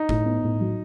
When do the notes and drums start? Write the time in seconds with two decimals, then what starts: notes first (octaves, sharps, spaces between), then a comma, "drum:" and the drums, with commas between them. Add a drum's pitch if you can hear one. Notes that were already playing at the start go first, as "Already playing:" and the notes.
Already playing: D#4
0.09 A2, drum: kick
0.25 B3
0.44 A2
0.60 F#3